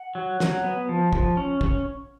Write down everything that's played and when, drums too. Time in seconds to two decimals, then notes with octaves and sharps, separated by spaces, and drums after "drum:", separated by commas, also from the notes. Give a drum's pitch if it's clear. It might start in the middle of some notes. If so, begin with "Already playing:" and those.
Already playing: F#5
0.15 F#3
0.40 F#3, drum: snare
0.64 B3
0.89 F3
1.13 F3, drum: kick
1.37 C#4
1.61 C#4, drum: kick